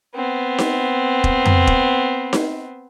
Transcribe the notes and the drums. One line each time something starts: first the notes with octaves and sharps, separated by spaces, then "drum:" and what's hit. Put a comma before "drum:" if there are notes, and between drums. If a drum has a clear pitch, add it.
B3 C4
drum: snare D#4
drum: kick E1
drum: tom F2
drum: kick E1
drum: snare D#4